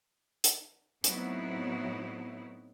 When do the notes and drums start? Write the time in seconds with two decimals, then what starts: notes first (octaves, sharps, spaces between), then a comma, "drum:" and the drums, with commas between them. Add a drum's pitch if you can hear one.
0.44 drum: hi-hat
1.04 A2 F#3 B3 C4 D#4 E4, drum: hi-hat